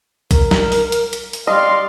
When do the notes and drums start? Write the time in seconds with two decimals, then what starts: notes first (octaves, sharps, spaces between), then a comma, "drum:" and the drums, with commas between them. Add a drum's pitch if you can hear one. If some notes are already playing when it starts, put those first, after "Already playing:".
0.31 A#4, drum: kick A#1, hi-hat
0.51 drum: snare
0.72 drum: open hi-hat
0.92 drum: hi-hat
1.13 drum: hi-hat
1.33 drum: hi-hat
1.47 G3 D5 D#5 F5 C6